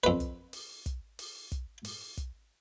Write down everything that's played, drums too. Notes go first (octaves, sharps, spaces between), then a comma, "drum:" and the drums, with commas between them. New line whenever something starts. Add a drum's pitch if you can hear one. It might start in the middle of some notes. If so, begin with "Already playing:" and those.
F2 B4
drum: kick, hi-hat
drum: open hi-hat
drum: kick, hi-hat
drum: open hi-hat
drum: kick, hi-hat
drum: open hi-hat
drum: kick, hi-hat